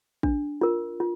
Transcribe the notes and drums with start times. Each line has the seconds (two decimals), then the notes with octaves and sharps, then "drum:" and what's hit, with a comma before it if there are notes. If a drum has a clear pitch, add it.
0.23 D4, drum: kick A1
0.61 F4 A#4
1.00 F4